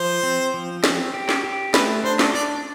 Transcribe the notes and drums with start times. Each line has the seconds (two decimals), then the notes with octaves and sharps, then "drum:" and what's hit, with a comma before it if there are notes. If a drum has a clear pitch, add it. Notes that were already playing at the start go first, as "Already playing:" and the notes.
Already playing: F3 C5
0.23 C4
0.54 F3
0.84 C4, drum: snare
1.14 G4
1.29 drum: snare
1.44 G4
1.74 A3 B4, drum: snare
2.04 D4 C5
2.19 drum: snare
2.34 D4 D5